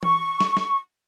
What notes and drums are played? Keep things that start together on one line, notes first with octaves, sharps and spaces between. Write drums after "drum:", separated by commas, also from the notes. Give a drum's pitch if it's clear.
C#6, drum: tom E3
drum: snare
drum: snare